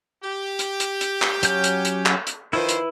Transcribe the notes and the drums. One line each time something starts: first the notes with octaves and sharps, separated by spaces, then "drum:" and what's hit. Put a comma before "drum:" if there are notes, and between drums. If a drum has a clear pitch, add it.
G4
drum: hi-hat
drum: hi-hat
drum: hi-hat
drum: clap
F#3 C#4 G6, drum: hi-hat
drum: hi-hat
drum: hi-hat
drum: clap
drum: hi-hat
D#3 F3 E4 B4 C5
drum: hi-hat